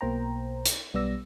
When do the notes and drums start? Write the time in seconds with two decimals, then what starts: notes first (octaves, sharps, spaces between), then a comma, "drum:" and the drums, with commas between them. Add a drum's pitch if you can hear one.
0.01 B1 B2 A#3 C5 G5 A#5
0.66 drum: hi-hat
0.94 B1 G3 B3 D5 E6 A#6